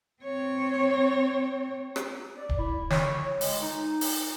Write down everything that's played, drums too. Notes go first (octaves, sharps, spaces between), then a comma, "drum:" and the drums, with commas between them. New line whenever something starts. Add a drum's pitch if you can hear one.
C4 C#5
drum: rim click
D5
drum: kick D1
E4
C#5, drum: snare
G#3, drum: open hi-hat
D#4
drum: open hi-hat